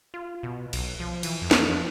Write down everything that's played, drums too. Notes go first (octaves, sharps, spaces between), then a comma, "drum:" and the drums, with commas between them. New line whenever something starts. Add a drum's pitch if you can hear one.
F4
B2
B1, drum: cymbal
F3
E3, drum: cymbal
F2
drum: snare
F3